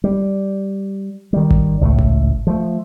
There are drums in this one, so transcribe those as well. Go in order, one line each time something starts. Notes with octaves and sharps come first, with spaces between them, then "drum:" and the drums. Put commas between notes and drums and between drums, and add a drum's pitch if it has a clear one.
G3
D#3 G3
drum: kick G#1
C#2 A2 F#3 A3
drum: kick G#1
F3 A3